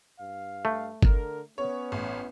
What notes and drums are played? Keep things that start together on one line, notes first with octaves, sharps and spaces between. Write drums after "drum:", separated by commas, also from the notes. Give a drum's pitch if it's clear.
G2 F5
A3
D3 A#4, drum: kick G1
B3 C#4 C#5
A1